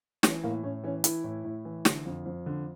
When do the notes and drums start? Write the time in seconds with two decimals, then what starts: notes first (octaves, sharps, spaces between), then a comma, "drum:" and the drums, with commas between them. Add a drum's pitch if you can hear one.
0.23 E3 C#4, drum: snare
0.43 A2 A#3
0.63 A2 C#4
0.83 E3 C#4
1.04 E3 E4, drum: hi-hat
1.24 A2
1.44 A2
1.65 E3
1.85 D3, drum: snare
2.05 F2
2.26 F2
2.46 D3